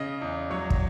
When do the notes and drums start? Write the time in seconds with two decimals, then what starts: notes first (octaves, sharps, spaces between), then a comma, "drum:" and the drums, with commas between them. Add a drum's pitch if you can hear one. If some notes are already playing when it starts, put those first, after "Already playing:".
Already playing: C#3 D#5
0.22 E2
0.50 F#3 C#5
0.70 drum: kick